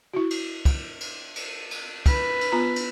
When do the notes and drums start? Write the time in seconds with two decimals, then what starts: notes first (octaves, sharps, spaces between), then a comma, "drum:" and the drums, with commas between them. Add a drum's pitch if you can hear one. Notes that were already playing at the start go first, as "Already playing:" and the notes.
0.14 E4 F#4
0.30 drum: cymbal
0.65 drum: kick, cymbal
1.00 drum: cymbal
1.36 drum: cymbal
1.71 drum: cymbal
2.06 B4, drum: kick, cymbal
2.41 drum: cymbal
2.52 B3 F4 A#5
2.76 drum: cymbal